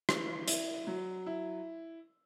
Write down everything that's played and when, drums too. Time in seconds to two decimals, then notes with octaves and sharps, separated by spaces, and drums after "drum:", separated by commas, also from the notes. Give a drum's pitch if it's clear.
0.09 E3, drum: rim click
0.48 E4, drum: hi-hat
0.87 F#3
1.26 E4